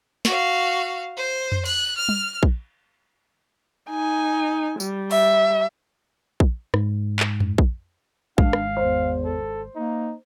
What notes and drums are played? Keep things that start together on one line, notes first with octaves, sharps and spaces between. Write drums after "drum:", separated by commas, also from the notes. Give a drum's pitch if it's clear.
F#4 F5, drum: snare
C5
drum: tom F2
F#6, drum: cymbal
F6
drum: tom G3
drum: kick A#1
D#4 G#5
G3, drum: tambourine
E5, drum: open hi-hat
drum: kick A#1
G#2, drum: rim click
drum: clap
drum: tom F2
drum: kick A#1
G#1 D#3 G#3 D4 F5, drum: kick A#1
drum: rim click
E2 C5
A4
A#3 D#4